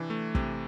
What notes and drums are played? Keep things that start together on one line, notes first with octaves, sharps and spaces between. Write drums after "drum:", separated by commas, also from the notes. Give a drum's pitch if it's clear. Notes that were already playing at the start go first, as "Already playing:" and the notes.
Already playing: C3 E3 D4
A3
C3, drum: kick